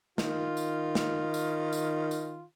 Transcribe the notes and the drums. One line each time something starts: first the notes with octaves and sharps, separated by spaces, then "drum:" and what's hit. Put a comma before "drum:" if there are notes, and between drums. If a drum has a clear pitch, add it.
D#3 F4, drum: snare
drum: tambourine
drum: snare
drum: tambourine
drum: tambourine
drum: tambourine